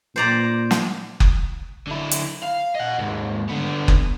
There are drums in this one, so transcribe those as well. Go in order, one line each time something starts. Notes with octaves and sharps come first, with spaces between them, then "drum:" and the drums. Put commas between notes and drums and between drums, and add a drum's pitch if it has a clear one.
A#2 C5 D5 A#5
drum: snare
drum: kick F#1
D3 E4
drum: hi-hat
F5
D#5 F#5
D#2 G#2
D3 B3
drum: kick F#1